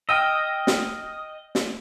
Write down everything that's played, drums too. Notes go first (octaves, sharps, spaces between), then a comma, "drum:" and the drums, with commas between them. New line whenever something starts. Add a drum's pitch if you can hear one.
D#5 G5 E6 F6 A#6 D#7
drum: snare
drum: snare